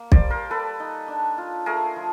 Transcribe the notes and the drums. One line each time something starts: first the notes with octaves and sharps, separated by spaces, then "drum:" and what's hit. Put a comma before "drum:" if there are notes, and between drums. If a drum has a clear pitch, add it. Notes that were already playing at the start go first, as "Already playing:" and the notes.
Already playing: A#3
C5 D5, drum: kick B1
G3
A#4 C5
G3 A4 B4
D#4
D4
F4
A3 G#4 A#4
F3